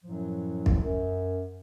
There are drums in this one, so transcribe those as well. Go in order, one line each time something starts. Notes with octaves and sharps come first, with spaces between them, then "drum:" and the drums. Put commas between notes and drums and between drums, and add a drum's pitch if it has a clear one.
F#2 A2 F3 F#3
drum: kick
F#2